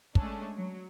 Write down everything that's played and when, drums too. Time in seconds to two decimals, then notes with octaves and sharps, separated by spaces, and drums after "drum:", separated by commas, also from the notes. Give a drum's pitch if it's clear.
0.15 G#3 A3 C#4 D4, drum: kick
0.56 F#3